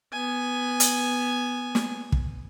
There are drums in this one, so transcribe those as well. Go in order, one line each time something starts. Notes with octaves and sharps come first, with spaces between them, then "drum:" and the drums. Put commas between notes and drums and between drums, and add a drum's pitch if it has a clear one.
B3 G#5
drum: hi-hat
drum: snare
drum: kick